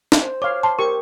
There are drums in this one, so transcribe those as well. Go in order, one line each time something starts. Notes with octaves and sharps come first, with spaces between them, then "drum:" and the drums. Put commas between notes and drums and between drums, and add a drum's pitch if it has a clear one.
drum: snare
C5
C#5 F5 D6
A5 C6
G4 A#4 C#6